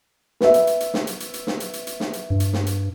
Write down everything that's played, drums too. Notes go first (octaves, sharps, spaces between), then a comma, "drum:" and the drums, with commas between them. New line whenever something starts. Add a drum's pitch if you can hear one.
B4 E5, drum: snare
drum: hi-hat
drum: hi-hat
drum: hi-hat
drum: snare
drum: hi-hat
drum: hi-hat
drum: hi-hat
drum: snare
drum: hi-hat
drum: hi-hat
drum: hi-hat
drum: snare
drum: hi-hat
G2
drum: hi-hat
drum: snare
drum: hi-hat